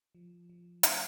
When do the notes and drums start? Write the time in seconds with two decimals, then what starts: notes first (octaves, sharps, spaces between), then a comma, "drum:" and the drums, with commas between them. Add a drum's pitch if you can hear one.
0.15 F3
0.50 F3
0.83 A3, drum: hi-hat